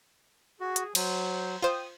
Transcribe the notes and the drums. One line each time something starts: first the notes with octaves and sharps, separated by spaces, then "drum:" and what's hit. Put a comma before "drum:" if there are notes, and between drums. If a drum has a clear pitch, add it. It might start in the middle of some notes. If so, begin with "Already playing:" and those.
F#4 G#4
drum: hi-hat
F#3 C5, drum: cymbal
F4 C5 G5 D#6